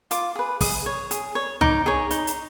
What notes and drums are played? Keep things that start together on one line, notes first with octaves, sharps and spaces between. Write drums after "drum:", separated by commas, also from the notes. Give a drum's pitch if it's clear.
F4 D6, drum: hi-hat
G#4 B4
G#4 D#6, drum: kick, open hi-hat
C#5
G#4, drum: hi-hat
C#5
D#4 D6, drum: tom C2
G#4 C#5
D#4, drum: hi-hat
drum: hi-hat